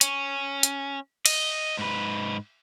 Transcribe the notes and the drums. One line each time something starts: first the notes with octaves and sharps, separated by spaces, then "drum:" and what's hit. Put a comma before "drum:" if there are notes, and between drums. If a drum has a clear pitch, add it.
C#4, drum: hi-hat
drum: hi-hat
D#5, drum: cymbal
G#2 B4